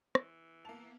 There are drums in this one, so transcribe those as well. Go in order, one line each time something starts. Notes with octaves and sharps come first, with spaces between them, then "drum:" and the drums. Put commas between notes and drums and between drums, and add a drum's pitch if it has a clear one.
E3, drum: rim click
A#3 B3 E4 A5 F7